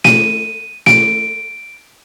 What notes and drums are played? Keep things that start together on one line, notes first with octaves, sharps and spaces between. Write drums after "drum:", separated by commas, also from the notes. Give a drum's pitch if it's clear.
D#7, drum: snare
D7, drum: snare